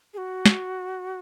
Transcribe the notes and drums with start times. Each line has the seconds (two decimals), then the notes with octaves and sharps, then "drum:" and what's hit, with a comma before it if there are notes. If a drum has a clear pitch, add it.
0.14 G#4
0.18 F#4
0.46 drum: snare